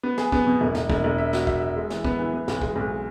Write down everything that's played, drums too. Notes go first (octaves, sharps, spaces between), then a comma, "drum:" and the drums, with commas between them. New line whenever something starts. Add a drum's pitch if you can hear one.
B3
G#4, drum: snare
B3, drum: kick
B2
E1
E1, drum: snare
E1, drum: kick
E1
E5
F#4, drum: snare
E5, drum: kick
E5
G#3
E3, drum: snare
B3, drum: kick
E3
B3
B1, drum: snare
G#3, drum: kick
B1